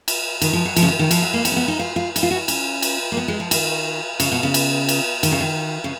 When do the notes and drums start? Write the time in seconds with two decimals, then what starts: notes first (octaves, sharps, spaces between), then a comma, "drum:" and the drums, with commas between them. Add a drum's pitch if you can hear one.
0.08 drum: cymbal
0.42 D#3, drum: cymbal
0.53 F3
0.65 F#3
0.76 F3, drum: cymbal
0.83 C#3
0.88 D#3
0.99 D#3
1.11 F3, drum: cymbal
1.22 F#3
1.34 A#3
1.45 B3, drum: cymbal
1.52 C#4
1.56 B3
1.68 D#4
1.79 F4
1.96 F4
2.16 D#4, drum: cymbal
2.23 F4
2.31 F#4
2.48 C#4, drum: cymbal
2.82 drum: cymbal
3.12 A#3
3.17 B3
3.28 G#3
3.40 F3
3.51 D#3, drum: cymbal
4.20 C#3, drum: cymbal
4.32 B2
4.43 C#3
4.54 drum: cymbal
4.89 drum: cymbal
5.23 D#3, drum: cymbal
5.32 C#3
5.40 D#3
5.84 C#3